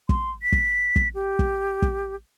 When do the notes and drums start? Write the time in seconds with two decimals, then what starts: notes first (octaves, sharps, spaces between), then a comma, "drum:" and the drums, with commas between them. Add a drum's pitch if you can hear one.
0.09 C6, drum: kick
0.42 B6
0.52 drum: kick
0.96 drum: kick
1.15 G4
1.39 drum: kick
1.82 drum: kick